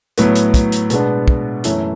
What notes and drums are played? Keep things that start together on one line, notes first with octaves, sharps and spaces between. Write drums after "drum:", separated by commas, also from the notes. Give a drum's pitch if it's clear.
A2 F#3 B3, drum: hi-hat
drum: hi-hat
drum: kick, hi-hat
drum: hi-hat
B2 G#3 B3 D4, drum: hi-hat
drum: kick
F#2 E3 A3 C#4, drum: hi-hat